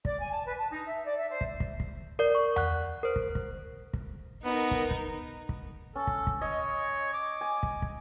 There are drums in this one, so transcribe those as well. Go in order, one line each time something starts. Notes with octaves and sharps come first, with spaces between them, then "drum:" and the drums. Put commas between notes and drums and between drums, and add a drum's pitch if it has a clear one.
D5, drum: kick
G#5
A5
B4
A5
D#4
E5
D5
E5
C5
drum: kick
drum: kick
drum: kick
A#4 D5
C#6
F#5 F#6, drum: tom E2
A#4 C5
drum: kick
drum: kick
drum: kick
B3 D#4 A#4
drum: kick
drum: kick
drum: kick
C#4 A4
drum: kick
drum: kick
C#5 D#5
D6
G#5
drum: kick
drum: kick